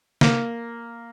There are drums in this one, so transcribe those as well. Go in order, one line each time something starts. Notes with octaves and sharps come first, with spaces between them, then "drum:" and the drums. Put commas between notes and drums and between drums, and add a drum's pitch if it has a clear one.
A#3, drum: snare